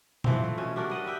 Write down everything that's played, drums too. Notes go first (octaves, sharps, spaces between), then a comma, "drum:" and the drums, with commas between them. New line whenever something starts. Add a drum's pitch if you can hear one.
E3 F3 C4, drum: tom A#2
A3
B2 C#4
G3 D4 F#4 A#4
G3 D#5 F#5
G4 B4 E5 G5